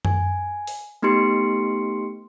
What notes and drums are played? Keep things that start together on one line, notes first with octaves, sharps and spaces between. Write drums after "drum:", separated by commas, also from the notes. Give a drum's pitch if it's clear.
G#5, drum: tom F#2
drum: open hi-hat
A3 B3 D#4 G4 C6 C#7